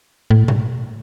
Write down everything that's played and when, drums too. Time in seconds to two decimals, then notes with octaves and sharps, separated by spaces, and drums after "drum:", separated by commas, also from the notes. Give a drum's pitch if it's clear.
0.30 A2
0.48 drum: tom B2